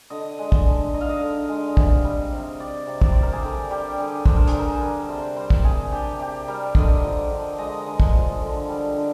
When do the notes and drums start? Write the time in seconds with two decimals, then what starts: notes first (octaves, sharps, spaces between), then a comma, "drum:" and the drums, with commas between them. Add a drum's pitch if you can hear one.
0.10 D3 D#5
0.39 G#3
0.52 drum: kick
0.66 D3
0.93 D#4 D#5
1.01 F5
1.09 D#5
1.21 D3
1.49 G#3
1.77 C3, drum: kick
2.04 G3
2.32 C3
2.59 C4 D5
2.87 C3
3.01 D5, drum: kick
3.12 G3 C5
3.22 A#4
3.33 G#4
3.43 D3 G4
3.70 G3 G4
3.98 D3 G#4
4.26 D4 C5, drum: kick
4.36 A#4
4.47 G#4, drum: hi-hat
4.53 D3
4.59 A#4
4.81 G3
5.09 C3 C5
5.36 G3 C5
5.50 drum: kick
5.64 C3 G#4
5.91 D4 G4
6.19 C3 G4
6.48 G3 A#4
6.75 D3 D#5, drum: kick
7.03 F3
7.30 D3
7.58 G#3 D#5
7.86 D3
8.00 drum: kick
8.13 F3
8.41 D3
8.68 G3
8.96 D3